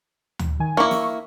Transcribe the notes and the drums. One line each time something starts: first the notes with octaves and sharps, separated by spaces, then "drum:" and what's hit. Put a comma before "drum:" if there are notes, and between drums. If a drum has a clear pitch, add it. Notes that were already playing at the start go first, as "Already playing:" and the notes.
drum: tom D2
D#3 G#5
A#3 E4 C#6
drum: snare